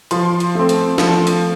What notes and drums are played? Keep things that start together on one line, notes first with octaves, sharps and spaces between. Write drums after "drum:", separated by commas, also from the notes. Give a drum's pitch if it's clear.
F3 C6, drum: hi-hat
drum: hi-hat
A3 C4
drum: hi-hat
F3, drum: snare
drum: hi-hat